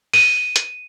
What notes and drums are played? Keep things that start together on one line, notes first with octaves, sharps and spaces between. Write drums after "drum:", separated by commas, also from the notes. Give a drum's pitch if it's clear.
D#7, drum: open hi-hat
drum: hi-hat